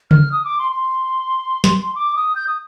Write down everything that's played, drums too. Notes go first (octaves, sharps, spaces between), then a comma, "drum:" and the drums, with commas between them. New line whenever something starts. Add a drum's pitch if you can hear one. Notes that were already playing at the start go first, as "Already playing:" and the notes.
F6, drum: tom C#3
D#6
D6
C6
C6
drum: snare
D6
D#6
G6
D#6